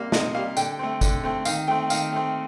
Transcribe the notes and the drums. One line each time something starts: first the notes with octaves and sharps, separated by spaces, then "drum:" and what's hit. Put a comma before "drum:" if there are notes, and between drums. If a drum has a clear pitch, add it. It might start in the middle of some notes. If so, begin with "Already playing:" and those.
Already playing: C3 G3 A#3 F5
C3 D#5, drum: snare
G3 A#3 F5
D3 G5, drum: tambourine
A3 C4
D3, drum: kick, tambourine
A3 C4
D#3 F5, drum: tambourine
A3 C4 G5
D#3 F5, drum: tambourine
A3 C4